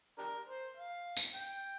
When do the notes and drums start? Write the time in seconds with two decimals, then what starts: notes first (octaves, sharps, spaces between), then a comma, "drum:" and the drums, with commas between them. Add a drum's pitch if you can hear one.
0.18 D4 G4 A#4
0.48 C5
0.77 F5
1.17 drum: tambourine
1.35 G5